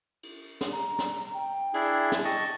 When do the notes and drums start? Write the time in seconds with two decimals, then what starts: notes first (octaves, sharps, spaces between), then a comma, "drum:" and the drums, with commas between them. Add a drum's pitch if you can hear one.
0.23 drum: cymbal
0.61 drum: snare
0.72 A#5
0.99 drum: snare
1.34 G5
1.74 D4 E4 G#4, drum: cymbal
2.12 drum: snare
2.25 D#5 G5 A5 C#6